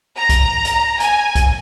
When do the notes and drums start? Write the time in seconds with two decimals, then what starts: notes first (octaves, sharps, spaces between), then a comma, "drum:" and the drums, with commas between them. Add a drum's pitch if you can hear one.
0.18 A#5
0.29 drum: kick C2, hi-hat
0.65 drum: hi-hat
1.00 G#5, drum: hi-hat
1.35 drum: kick C2, hi-hat